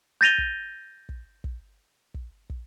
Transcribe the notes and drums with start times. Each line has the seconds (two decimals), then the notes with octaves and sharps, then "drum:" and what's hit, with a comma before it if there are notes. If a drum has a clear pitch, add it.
0.21 G6 A6 A#6 D#7 F7 G7
0.38 drum: kick
1.09 drum: kick
1.44 drum: kick
2.14 drum: kick
2.50 drum: kick